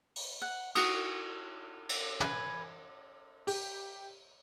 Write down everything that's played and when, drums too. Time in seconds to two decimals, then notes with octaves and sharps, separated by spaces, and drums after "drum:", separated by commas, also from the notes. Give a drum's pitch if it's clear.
0.16 drum: open hi-hat
0.42 F#5
0.75 F#4 D#6, drum: cymbal
1.89 drum: cymbal
2.20 B4 G#5, drum: tom
3.47 G4, drum: open hi-hat